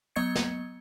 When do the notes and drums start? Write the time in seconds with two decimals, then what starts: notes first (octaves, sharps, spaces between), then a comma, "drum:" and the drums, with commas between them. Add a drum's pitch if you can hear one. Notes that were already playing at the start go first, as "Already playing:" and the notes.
0.16 F#3 B3 D#5 C#6 G#6 C#7
0.35 drum: snare